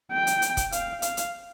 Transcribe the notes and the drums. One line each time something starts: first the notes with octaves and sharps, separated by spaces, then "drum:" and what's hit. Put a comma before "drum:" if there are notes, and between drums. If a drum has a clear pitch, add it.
G5
drum: hi-hat
drum: hi-hat
drum: kick, hi-hat
F5, drum: hi-hat
F5, drum: hi-hat
drum: hi-hat